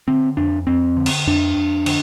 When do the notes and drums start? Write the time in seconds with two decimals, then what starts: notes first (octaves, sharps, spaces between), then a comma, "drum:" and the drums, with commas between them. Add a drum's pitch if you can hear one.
0.08 D3 C4
0.37 F2 D4
0.67 F2 C4
0.97 D3
1.06 drum: cymbal
1.27 F2 D4
1.56 F2
1.86 D3, drum: cymbal